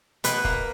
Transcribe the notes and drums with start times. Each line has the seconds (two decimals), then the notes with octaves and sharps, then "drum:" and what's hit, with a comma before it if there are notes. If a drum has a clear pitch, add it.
0.24 B2 B4, drum: hi-hat
0.45 A#3, drum: kick